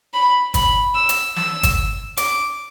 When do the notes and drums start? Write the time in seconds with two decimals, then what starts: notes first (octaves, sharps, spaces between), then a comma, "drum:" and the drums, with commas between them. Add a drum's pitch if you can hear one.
0.14 B5
0.54 B5, drum: kick, hi-hat
0.95 E6
1.09 drum: hi-hat
1.36 E6, drum: snare
1.63 drum: kick, hi-hat
2.17 D6, drum: hi-hat